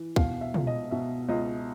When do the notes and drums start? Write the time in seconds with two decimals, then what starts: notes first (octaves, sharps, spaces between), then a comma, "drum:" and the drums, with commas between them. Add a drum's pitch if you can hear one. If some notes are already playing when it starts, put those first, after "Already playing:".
Already playing: E3
0.16 B2 F5, drum: kick
0.41 E5
0.54 C#2, drum: tom
0.67 D#5
0.91 B2 E5
1.29 C#2 D#5